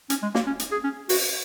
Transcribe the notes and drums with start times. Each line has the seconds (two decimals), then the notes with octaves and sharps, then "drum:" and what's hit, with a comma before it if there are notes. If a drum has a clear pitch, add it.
0.10 C#4, drum: hi-hat
0.23 G#3
0.35 A#3, drum: snare
0.47 C#4
0.59 drum: hi-hat
0.72 G#4
0.84 C#4
1.09 F#4, drum: open hi-hat